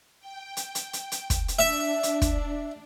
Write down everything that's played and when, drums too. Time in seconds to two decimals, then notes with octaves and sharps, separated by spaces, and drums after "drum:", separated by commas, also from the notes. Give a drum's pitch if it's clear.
0.20 G5
0.57 drum: hi-hat
0.75 drum: hi-hat
0.93 drum: hi-hat
1.12 drum: hi-hat
1.30 drum: kick, hi-hat
1.48 drum: hi-hat
1.59 D4 E5
2.03 drum: hi-hat
2.22 drum: kick, hi-hat